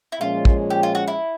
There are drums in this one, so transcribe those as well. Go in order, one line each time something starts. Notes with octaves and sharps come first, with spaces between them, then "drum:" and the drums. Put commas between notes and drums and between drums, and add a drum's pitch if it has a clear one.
E4
A#2 F3 G#3 C#4 F4
drum: kick
G4
F4
F#4
E4